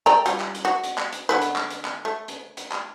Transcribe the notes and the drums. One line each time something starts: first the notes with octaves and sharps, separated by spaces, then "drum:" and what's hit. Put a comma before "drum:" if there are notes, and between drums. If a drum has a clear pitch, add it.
D5 G5 A#5
G3 F4, drum: hi-hat
drum: clap
drum: hi-hat
F#4
drum: hi-hat
drum: clap
drum: hi-hat
D3 B3 B4
drum: hi-hat
drum: clap
drum: hi-hat
drum: clap
A3
drum: hi-hat
drum: hi-hat
drum: clap